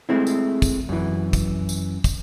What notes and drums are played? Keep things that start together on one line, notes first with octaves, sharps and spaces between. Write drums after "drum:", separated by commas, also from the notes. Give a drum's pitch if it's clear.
G#3 A3 C4 E4
drum: tambourine
drum: kick, tambourine
F#2 E3
drum: kick, tambourine
drum: tambourine
drum: kick, tambourine